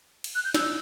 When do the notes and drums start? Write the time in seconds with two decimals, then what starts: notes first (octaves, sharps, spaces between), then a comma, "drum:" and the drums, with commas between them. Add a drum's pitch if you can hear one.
0.24 drum: cymbal
0.35 F#6
0.45 G6
0.54 E6, drum: snare